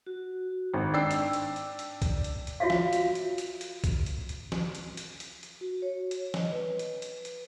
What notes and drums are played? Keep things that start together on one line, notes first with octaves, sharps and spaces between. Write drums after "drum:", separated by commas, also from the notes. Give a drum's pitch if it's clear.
F#4
G#1
D4 G5 E6 C7
drum: hi-hat
drum: hi-hat
drum: hi-hat
drum: hi-hat
drum: kick, hi-hat
drum: hi-hat
drum: hi-hat
F4 F#4 C#5 E5 F5
drum: snare
drum: hi-hat
drum: hi-hat
drum: hi-hat
drum: hi-hat
drum: kick, hi-hat
drum: hi-hat
drum: hi-hat
drum: snare
drum: hi-hat
drum: hi-hat
drum: hi-hat
drum: hi-hat
F#4
C#5
drum: hi-hat
D#5, drum: snare
B4
drum: hi-hat
drum: hi-hat
drum: hi-hat